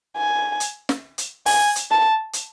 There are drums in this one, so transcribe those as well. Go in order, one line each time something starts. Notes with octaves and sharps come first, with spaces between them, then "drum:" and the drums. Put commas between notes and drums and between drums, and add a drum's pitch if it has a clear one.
G#5
drum: hi-hat
drum: snare
drum: hi-hat
G#5, drum: open hi-hat
drum: hi-hat
A5
drum: hi-hat